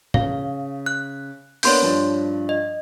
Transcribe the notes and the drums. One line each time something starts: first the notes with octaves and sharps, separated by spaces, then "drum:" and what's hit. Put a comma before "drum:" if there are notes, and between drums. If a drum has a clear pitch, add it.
C#3 F5, drum: tom G#2
F#6
A#3 B3 D4 C#5 C6 G6, drum: open hi-hat
G2 F3 D4
D#5